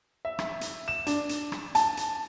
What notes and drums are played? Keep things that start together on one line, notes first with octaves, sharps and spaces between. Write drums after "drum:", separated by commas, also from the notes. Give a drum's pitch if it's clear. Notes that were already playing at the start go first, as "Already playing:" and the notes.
E5
drum: rim click
drum: hi-hat
E7
D4, drum: hi-hat
drum: hi-hat
drum: rim click
A5, drum: hi-hat
drum: hi-hat